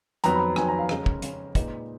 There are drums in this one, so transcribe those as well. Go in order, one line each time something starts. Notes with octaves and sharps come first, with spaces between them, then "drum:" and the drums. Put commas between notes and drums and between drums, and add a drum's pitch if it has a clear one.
F2 D#3 F#3 B3 A#5, drum: hi-hat
B5
F2 D#3 F#3 B3 G#5, drum: rim click
A#5
F5
C#3 G#3 C#4 A#4, drum: rim click
drum: kick
C#3 G#3 C#4, drum: hi-hat
A#2 G#3 D#4 B4, drum: kick, hi-hat